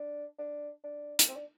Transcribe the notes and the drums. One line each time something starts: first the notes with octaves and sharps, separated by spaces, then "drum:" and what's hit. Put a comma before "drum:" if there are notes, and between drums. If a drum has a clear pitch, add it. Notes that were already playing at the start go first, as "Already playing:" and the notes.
Already playing: D4
D4
D4
drum: hi-hat
C4
D4